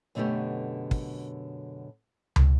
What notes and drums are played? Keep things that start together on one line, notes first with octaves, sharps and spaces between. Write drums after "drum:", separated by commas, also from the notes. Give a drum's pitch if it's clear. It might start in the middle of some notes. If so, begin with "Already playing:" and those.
F#2 B2 D3 A3 B3 G4
drum: kick
drum: tom C#2